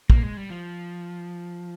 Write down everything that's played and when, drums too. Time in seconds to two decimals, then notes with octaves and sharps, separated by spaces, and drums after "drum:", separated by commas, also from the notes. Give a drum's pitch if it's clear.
0.10 A#3, drum: kick
0.23 G#3
0.37 G3
0.50 F3